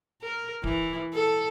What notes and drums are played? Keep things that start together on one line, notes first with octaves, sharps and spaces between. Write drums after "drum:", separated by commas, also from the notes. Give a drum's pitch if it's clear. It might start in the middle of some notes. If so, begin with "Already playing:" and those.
A#4
E3, drum: kick D1
A4